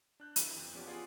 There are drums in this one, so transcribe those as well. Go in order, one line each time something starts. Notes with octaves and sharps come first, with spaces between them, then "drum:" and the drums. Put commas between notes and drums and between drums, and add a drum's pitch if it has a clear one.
D4 F#6 G6
E3, drum: hi-hat
F2
F3 B3 C#4 G4 D5
B3 F4 G#4 D5